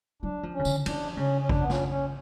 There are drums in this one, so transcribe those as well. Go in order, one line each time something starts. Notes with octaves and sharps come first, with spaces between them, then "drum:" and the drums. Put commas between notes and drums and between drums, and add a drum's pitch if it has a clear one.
F#3 D4
F3
C#4
C#3
D3, drum: tambourine
F3 D4, drum: cymbal
C#3 C#4
C#4
D4, drum: kick A1
B3
C#4, drum: snare
C#4